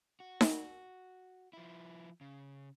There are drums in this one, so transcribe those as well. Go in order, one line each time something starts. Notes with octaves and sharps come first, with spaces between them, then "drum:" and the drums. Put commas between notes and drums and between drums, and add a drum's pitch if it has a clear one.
F#4
drum: snare D#4
F3 E4
C#3